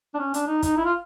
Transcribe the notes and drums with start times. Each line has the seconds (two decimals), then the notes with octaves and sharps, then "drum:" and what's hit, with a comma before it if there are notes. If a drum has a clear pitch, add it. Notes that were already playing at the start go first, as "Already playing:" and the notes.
0.14 D4
0.19 C#4
0.34 D4, drum: hi-hat
0.47 D#4
0.63 D#4, drum: kick, hi-hat
0.77 E4
0.85 F4